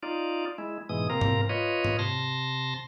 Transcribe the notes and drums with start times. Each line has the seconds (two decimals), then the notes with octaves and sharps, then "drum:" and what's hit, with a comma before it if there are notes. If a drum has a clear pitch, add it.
0.03 D#4 F4 D5
0.58 G#3 E4
0.89 G#2 B2 E3 G#3 D#6
1.10 C3 A#3 C4 A#4 A#5
1.21 drum: tom G#2
1.49 F4 B4 C#5 D#5
1.84 drum: tom G#2
1.99 C3 A5 C6 A#6